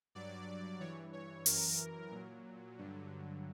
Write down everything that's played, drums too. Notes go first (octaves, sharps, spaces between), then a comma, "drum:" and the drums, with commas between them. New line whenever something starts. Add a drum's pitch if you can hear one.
G2 F#3 D5
G2 E3 C#5
C#5
F#2 E3 A#4, drum: open hi-hat
A#2 F#3
G2 D3 F#3